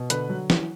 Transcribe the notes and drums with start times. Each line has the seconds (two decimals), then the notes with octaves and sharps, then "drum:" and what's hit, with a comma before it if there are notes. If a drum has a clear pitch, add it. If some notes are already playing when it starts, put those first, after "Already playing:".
Already playing: B2
0.10 D3 B4, drum: hi-hat
0.29 F#3
0.50 E3, drum: snare